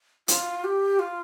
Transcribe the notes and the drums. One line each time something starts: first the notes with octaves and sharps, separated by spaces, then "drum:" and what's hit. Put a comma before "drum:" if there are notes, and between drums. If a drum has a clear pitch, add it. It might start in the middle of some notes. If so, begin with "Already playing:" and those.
F4, drum: hi-hat
G4
F4